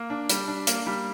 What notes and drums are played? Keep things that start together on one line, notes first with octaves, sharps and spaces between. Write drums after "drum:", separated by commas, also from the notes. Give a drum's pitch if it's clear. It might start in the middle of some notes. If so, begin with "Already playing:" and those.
Already playing: A#3
D4
G3, drum: hi-hat
D4
A#3, drum: hi-hat
G3